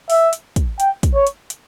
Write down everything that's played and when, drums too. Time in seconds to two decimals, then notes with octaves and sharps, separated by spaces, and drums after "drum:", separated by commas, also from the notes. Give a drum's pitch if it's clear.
0.10 E5, drum: open hi-hat
0.33 drum: hi-hat
0.56 drum: kick, hi-hat
0.80 G5, drum: hi-hat
1.03 drum: kick, hi-hat
1.15 C#5
1.27 drum: hi-hat
1.50 drum: hi-hat